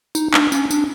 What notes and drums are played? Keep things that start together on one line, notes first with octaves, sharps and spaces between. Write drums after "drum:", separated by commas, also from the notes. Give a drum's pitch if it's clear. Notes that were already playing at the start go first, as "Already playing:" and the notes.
D#4, drum: tambourine
D4, drum: clap
C#4, drum: tambourine
D4, drum: tambourine